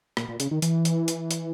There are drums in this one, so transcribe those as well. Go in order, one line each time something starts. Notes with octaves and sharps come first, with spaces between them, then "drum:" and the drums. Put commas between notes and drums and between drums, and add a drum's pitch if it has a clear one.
A#2, drum: rim click
A#2
C#3, drum: hi-hat
D#3
E3, drum: hi-hat
drum: hi-hat
drum: hi-hat
drum: hi-hat